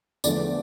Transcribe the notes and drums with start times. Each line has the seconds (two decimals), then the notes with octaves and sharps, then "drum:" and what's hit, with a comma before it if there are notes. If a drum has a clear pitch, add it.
0.24 E2 D3 F3 A3 D5, drum: tambourine